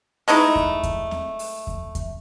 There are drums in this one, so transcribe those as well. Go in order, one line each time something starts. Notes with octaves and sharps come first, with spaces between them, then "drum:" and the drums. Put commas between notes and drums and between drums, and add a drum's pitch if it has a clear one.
G#3 A3 D#4 E4, drum: open hi-hat
drum: kick E2
drum: kick E2, hi-hat
drum: snare C4
drum: open hi-hat
drum: kick E2
drum: kick E2, hi-hat